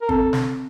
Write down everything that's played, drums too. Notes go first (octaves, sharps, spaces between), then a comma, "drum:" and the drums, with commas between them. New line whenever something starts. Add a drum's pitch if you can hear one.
A#4
C4 A4, drum: kick
drum: snare